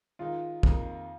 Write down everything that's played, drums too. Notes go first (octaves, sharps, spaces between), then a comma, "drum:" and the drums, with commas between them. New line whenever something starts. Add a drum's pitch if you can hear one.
D#3 G#3 D#4 F4
F2 D#3 A#3 D#4 G#4, drum: kick